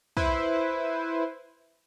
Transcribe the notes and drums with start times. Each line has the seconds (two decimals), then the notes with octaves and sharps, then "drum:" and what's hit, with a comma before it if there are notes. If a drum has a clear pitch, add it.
0.17 E4 B4 C5, drum: kick